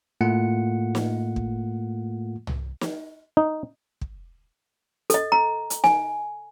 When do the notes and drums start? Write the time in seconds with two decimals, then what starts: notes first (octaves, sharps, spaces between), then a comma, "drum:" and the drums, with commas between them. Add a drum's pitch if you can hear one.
0.21 A2 A3 A#3 F4 F#5 C#7
0.95 drum: snare
1.36 drum: kick
2.47 drum: tom C2
2.81 drum: snare
3.37 D#4
4.01 drum: kick
5.10 A4 D#5, drum: hi-hat
5.32 A#5
5.70 drum: hi-hat
5.84 G#5, drum: snare